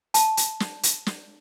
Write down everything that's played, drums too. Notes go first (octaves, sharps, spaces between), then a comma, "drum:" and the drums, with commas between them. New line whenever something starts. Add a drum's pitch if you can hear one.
A5, drum: hi-hat
drum: hi-hat
drum: snare
drum: hi-hat
drum: snare